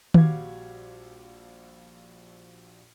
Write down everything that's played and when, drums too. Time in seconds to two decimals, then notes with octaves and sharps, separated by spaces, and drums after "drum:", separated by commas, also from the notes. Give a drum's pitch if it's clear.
0.14 A#1 G3 F#4 F5 D6 G#6, drum: tom D#3